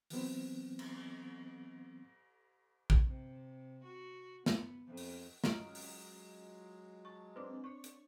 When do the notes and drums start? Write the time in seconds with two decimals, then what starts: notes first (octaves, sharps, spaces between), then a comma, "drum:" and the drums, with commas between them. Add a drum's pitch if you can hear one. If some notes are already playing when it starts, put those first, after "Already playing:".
0.10 E3 F#3 B3 C4, drum: open hi-hat
0.79 drum: cymbal
2.90 drum: kick A#1
3.05 C3
3.84 F#4
4.46 B3, drum: snare
4.87 F2
4.97 drum: open hi-hat
5.44 F#3 G#3 C#4 F4 D#5 A#5 D7, drum: snare
5.75 drum: open hi-hat
7.05 A5 C#6
7.36 C4 D4 B4 D6
7.64 D4 C#5 C#6
7.84 drum: hi-hat